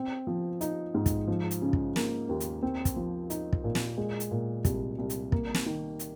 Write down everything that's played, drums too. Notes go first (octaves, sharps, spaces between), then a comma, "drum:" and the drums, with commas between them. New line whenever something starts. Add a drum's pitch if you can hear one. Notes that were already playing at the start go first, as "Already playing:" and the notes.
Already playing: C4
F3
D#4, drum: hi-hat
G#2
drum: kick, hi-hat
F3
drum: hi-hat
C#3
drum: kick
A#3, drum: snare
D#2
drum: hi-hat
C4
drum: kick, hi-hat
F3
D#4, drum: hi-hat
drum: kick
A#2
drum: snare
G#3
drum: hi-hat
A#2
C2, drum: kick, hi-hat
C2
drum: hi-hat
A#3, drum: kick
drum: snare
D#3
drum: hi-hat